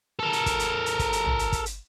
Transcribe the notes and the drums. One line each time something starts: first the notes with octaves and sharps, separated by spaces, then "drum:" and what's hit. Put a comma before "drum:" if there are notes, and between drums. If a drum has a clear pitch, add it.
A4 A#4
drum: hi-hat
drum: kick, hi-hat
drum: hi-hat
drum: hi-hat
drum: kick, hi-hat
drum: hi-hat
drum: tom A1
drum: hi-hat
drum: kick, hi-hat
drum: hi-hat